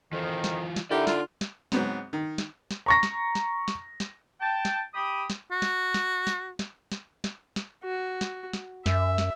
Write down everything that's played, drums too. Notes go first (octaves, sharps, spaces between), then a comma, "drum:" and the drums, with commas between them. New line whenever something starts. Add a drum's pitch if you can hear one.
F2 D#3 E3 F4
drum: snare
drum: snare
D3 D#4 E4 G4 A#4 D5
F4, drum: snare
drum: snare
G#2 F#3 B3 C4, drum: snare
D#3
drum: snare
drum: snare
A#5 C#6 A#6
drum: snare
drum: snare
drum: snare
drum: snare
G5 A5
drum: snare
G4 B5 D#6
drum: snare
F#4
drum: snare
drum: snare
drum: snare
drum: snare
drum: snare
drum: snare
drum: snare
F#4
drum: snare
drum: snare
F#2 E5, drum: snare
drum: snare